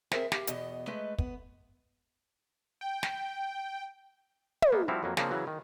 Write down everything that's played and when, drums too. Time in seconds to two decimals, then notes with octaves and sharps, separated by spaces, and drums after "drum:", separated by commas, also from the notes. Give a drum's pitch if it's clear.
0.11 C4 G#4 A#4 C5 E5, drum: snare
0.32 G4 F5, drum: snare
0.47 E2 B2 D#5, drum: hi-hat
0.87 G#3 A3 B4 D#5
1.18 B3, drum: kick
2.81 G5
3.03 drum: snare
4.62 drum: tom
4.72 A#3 B3
4.88 F3 G3 C4 E4 F#4 F5
5.03 F2 F#3 A#3
5.17 C#3 F3 A#3 C4 D4, drum: snare
5.31 C#3 E3 F#3
5.47 D#3